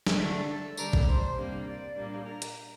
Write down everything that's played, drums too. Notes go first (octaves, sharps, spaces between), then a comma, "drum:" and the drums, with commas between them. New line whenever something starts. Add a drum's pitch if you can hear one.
drum: snare
D3 A3 D4 E5
A4
D3 G3 D4 A#4, drum: tambourine
drum: kick B1
C5
C3 G3 A#3 D4
D5
A#2 G3 A#3 D4
A#4
drum: hi-hat